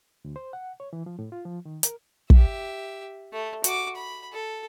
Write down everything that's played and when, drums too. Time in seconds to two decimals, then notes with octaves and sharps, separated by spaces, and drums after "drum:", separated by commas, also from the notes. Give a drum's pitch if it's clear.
0.25 D2
0.36 C5
0.53 F#5
0.80 C#5
0.93 E3
1.06 F3
1.19 A2
1.32 F4
1.45 F3
1.65 D#3
1.83 A#4, drum: hi-hat
2.30 G4 E5, drum: kick
3.32 A3
3.64 F#4 D6, drum: hi-hat
3.96 B5
4.33 A4